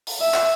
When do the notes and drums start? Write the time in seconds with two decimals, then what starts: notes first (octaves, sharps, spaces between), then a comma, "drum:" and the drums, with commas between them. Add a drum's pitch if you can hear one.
0.07 drum: open hi-hat
0.21 E5
0.35 drum: clap